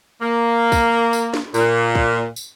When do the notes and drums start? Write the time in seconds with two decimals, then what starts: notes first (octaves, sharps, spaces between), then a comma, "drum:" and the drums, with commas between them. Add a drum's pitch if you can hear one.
0.21 A#3
0.72 drum: kick, tambourine
1.13 drum: tambourine
1.34 drum: snare
1.54 A#2, drum: tambourine
1.95 drum: kick
2.36 drum: tambourine